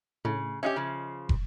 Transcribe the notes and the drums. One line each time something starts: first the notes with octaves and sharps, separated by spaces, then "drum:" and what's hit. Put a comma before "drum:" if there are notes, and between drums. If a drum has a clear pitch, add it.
A2 C#3
C#4 F#4 G4 D#5 E5
C#3 F3
drum: kick